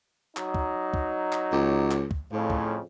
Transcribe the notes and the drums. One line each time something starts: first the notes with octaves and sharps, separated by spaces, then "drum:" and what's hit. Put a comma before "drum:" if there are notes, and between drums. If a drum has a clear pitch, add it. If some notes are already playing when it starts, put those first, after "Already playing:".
F#3 D#4, drum: clap
drum: kick
drum: kick
drum: clap
C#2
drum: clap
drum: kick
F2 A2 C#3 F3
drum: kick